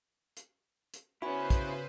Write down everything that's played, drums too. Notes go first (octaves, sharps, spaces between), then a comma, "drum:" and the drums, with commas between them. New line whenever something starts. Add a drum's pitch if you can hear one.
drum: hi-hat
drum: hi-hat
C#3 B3 C#4 E4 F#4 B4 C5 G#5
drum: kick, hi-hat